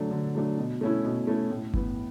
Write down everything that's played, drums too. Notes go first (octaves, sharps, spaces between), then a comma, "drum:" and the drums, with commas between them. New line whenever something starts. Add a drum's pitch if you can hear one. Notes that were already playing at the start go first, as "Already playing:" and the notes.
Already playing: D3 F#3 A3 D4
D3
F#3 A3 D4
B2
A3 C#4 E4
B2
A3 C#4 E4
A2
E3 B3, drum: kick G1